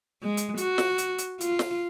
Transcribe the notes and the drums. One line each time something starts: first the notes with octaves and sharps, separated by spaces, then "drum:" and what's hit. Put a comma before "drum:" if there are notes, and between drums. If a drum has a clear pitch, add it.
G#3
drum: hi-hat
F#4, drum: hi-hat
drum: snare
drum: hi-hat
drum: hi-hat
F4, drum: hi-hat
drum: snare